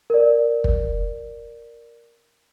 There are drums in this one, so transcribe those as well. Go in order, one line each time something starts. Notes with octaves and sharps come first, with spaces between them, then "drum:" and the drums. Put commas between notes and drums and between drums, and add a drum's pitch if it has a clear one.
A#4 D5
drum: kick